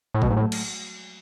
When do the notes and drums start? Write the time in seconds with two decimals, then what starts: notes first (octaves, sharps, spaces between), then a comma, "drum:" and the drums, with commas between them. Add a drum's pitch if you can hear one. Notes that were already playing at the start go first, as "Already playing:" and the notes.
0.14 A2
0.22 B2 F#3 A3, drum: kick G#1
0.30 G#2
0.36 A2 F#3 A3
0.52 drum: cymbal